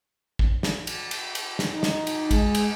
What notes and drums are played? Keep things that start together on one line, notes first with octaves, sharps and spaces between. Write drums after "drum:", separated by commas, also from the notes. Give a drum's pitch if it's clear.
drum: kick
drum: snare
drum: cymbal
drum: cymbal
drum: cymbal
drum: snare
D#4
drum: snare
drum: cymbal
G#3, drum: kick, cymbal
drum: cymbal